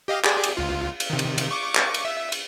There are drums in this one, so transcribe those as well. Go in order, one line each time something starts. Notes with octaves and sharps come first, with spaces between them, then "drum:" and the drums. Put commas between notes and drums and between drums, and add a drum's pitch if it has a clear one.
G4 D#5 F5
G4 G#4 D5, drum: clap
drum: cymbal
C#2 F4
drum: cymbal
C3 D#3
drum: cymbal
drum: cymbal
C#6 D6
drum: clap
drum: cymbal
E5
drum: cymbal